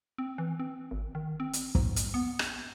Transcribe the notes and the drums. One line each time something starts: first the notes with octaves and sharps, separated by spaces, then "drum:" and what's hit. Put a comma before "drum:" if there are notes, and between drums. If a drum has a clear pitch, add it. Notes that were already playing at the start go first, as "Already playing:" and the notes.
C4
E3
C4
G#1
D#3
C4
drum: hi-hat
G#2, drum: kick
drum: hi-hat
B3
drum: rim click